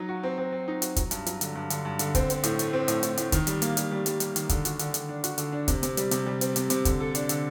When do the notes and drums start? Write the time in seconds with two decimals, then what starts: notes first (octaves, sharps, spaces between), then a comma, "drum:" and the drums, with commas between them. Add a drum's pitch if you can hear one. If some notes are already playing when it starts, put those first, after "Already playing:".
Already playing: F#3 D#4
0.09 F#4
0.23 C4
0.38 C4
0.53 C4
0.68 D#4
0.82 F#4, drum: hi-hat
0.96 F#3, drum: kick, hi-hat
1.11 G2, drum: hi-hat
1.26 F#3, drum: hi-hat
1.41 D3, drum: hi-hat
1.55 G2
1.70 D3, drum: hi-hat
1.85 G2
1.99 D3, drum: hi-hat
2.15 C4, drum: kick, hi-hat
2.30 C4, drum: hi-hat
2.44 A2, drum: hi-hat
2.59 A3, drum: hi-hat
2.73 C4
2.88 A2, drum: hi-hat
3.03 A2, drum: hi-hat
3.17 A2, drum: hi-hat
3.32 D#3, drum: kick, hi-hat
3.47 G3, drum: hi-hat
3.62 A#3, drum: hi-hat
3.77 G3, drum: hi-hat
3.91 G3
4.06 G3, drum: hi-hat
4.20 G3, drum: hi-hat
4.36 D#3, drum: hi-hat
4.49 D3, drum: kick, hi-hat
4.65 F#4, drum: hi-hat
4.79 D3, drum: hi-hat
4.94 D3, drum: hi-hat
5.09 D4
5.24 F#4, drum: hi-hat
5.38 D3, drum: hi-hat
5.53 D4
5.68 C3, drum: kick, hi-hat
5.83 C3, drum: hi-hat
5.97 G3, drum: hi-hat
6.11 C3, drum: hi-hat
6.26 G3
6.41 C4, drum: hi-hat
6.56 C3, drum: hi-hat
6.70 C3, drum: hi-hat
6.85 D3, drum: kick, hi-hat
7.00 A4
7.15 D4, drum: hi-hat
7.29 D3, drum: hi-hat